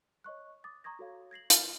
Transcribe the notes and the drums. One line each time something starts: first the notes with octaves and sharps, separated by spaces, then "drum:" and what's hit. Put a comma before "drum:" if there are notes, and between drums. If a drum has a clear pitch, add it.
C#5 D#5 C#6 F#6
D6 D#6 A6
A#5 C#6 D#6 G#6 A#6
F#4 A4 C#5 F5
G#6 A#6 C7 F#7
F4 F5 B5 F6, drum: hi-hat